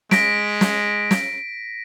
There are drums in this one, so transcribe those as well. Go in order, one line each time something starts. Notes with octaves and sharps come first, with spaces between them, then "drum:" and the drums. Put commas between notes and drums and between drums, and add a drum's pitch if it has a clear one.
G#3 A#6 B6 D7, drum: snare
drum: snare
drum: snare